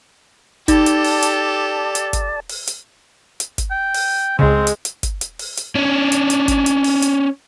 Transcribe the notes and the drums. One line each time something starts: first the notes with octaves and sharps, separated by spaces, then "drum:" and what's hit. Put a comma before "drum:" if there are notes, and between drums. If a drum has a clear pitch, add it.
D#4 G4 A4 D5 A5, drum: kick G1, hi-hat
drum: hi-hat
drum: open hi-hat
drum: hi-hat
drum: hi-hat
drum: kick G1, hi-hat
drum: open hi-hat
drum: hi-hat
drum: hi-hat
drum: kick G1, hi-hat
G5
drum: open hi-hat
C#2 C#3 G#3 C4
drum: hi-hat
drum: hi-hat
drum: kick G1, hi-hat
drum: hi-hat
drum: open hi-hat
drum: hi-hat
C#4 D4
drum: hi-hat
drum: hi-hat
drum: kick G1, hi-hat
drum: hi-hat
drum: open hi-hat
drum: hi-hat